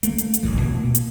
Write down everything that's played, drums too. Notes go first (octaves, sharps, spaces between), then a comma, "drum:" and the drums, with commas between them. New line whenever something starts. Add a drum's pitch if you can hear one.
A3 A#3, drum: hi-hat
drum: hi-hat
drum: hi-hat
D1 A1 A2 E3
A#2 A#3
drum: hi-hat